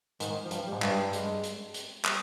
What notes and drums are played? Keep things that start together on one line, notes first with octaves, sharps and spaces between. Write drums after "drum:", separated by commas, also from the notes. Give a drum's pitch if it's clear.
G#2 D#3, drum: hi-hat
F3
G2, drum: hi-hat
G3
G#2
G2, drum: clap
G3
G#3, drum: hi-hat
drum: hi-hat
drum: hi-hat
G3, drum: clap